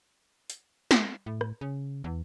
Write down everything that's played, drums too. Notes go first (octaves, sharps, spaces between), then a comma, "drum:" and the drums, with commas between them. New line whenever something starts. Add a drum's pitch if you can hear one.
drum: hi-hat
drum: snare
A2
drum: rim click
C#3
E2